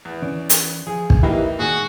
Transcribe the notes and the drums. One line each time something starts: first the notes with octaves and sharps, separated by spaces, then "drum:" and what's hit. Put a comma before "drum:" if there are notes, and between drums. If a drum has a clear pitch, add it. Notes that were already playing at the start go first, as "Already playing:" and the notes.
E2
E3 C#4 D5
drum: hi-hat
F3 G#4
drum: kick
E3 A#3 D#4 E4 G4
A#2 D#3 G#3 F#4 G#4